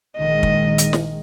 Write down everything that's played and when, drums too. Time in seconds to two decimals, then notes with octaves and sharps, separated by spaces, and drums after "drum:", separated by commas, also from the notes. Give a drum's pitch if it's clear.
0.17 A#1 D#3 G#3 D#5
0.43 drum: kick
0.78 drum: hi-hat
0.93 drum: snare